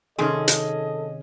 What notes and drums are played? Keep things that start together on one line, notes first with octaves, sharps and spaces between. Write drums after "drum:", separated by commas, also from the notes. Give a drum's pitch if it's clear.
C3 D#3 C4 C#4 G#4 A4 D#5
drum: hi-hat